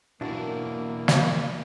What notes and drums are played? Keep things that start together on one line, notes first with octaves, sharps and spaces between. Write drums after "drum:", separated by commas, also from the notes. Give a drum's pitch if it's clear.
B1 E3 A#3 D4 E4 F#4
drum: snare